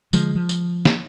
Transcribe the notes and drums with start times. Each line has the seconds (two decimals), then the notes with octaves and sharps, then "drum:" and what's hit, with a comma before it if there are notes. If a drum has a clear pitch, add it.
0.13 D3 F3 G#3, drum: tambourine
0.35 F3
0.49 drum: tambourine
0.85 drum: snare